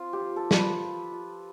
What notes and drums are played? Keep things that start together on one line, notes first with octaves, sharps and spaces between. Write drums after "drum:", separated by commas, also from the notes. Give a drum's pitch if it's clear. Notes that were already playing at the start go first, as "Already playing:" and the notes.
Already playing: C4 F4
G4
F3
A4
F3, drum: snare
B4
F3
F4